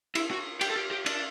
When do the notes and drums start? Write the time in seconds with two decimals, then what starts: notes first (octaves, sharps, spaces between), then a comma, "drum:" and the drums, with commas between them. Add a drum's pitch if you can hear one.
0.15 E4, drum: cymbal
0.31 F#4
0.61 G4, drum: cymbal
0.70 A4
0.76 G4
0.91 G4
1.06 D4, drum: cymbal